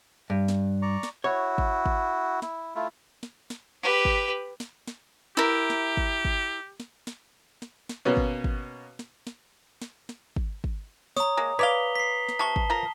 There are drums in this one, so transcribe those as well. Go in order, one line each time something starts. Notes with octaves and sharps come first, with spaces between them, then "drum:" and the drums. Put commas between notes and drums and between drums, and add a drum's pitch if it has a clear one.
G2
drum: snare
D5 A#5 C#6
drum: snare
E4 F#4 C#5
drum: kick G#1
drum: kick G#1
E4, drum: snare
A3 E4 F4
drum: snare
drum: snare
G4 B4
drum: kick G#1
drum: snare
drum: snare
E4 G4 A#4
drum: snare
drum: kick G#1
drum: kick G#1
drum: snare
drum: snare
drum: snare
drum: snare
B2 A#3 B3 C#4
drum: kick G#1
drum: kick G#1
drum: snare
drum: snare
drum: snare
drum: snare
drum: kick G#1
drum: kick G#1
C#5 A#5 D#6, drum: snare
G#3 A#3
B4 C#5 D5 F5 D6 B6 F7 G7
B6 C7
drum: snare
C3 A5 C#6 G7
drum: kick G#1
F3 A#4